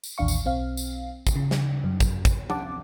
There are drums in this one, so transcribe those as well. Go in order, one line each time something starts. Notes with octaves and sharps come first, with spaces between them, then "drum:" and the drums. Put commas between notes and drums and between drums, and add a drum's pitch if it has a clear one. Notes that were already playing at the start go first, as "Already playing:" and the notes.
drum: tambourine
A1 D#2 D4 F5 C#6
drum: tambourine
B1 C4 F5
drum: tambourine
drum: kick, tambourine
C#3
drum: snare
F#2
drum: kick, tambourine
drum: kick, tambourine
F#5 A5 D6, drum: tom